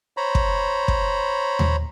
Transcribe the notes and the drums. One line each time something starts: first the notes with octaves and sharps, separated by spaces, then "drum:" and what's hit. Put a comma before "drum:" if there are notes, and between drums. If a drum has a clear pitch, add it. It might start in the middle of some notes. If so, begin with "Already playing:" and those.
C5 C#5 A#5 B5
drum: kick
drum: kick
drum: tom D#2